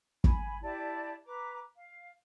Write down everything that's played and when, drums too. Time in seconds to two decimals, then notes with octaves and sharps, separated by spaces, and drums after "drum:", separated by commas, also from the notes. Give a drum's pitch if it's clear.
0.24 G#5 B5, drum: kick
0.62 E4 G4 D5 A5
1.25 B4 A#5 D6
1.75 F5